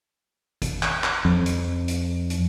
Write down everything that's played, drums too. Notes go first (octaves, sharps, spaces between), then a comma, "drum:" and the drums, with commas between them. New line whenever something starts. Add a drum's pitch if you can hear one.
drum: kick G#1, hi-hat
drum: clap
drum: clap
F2
drum: hi-hat
drum: hi-hat
drum: hi-hat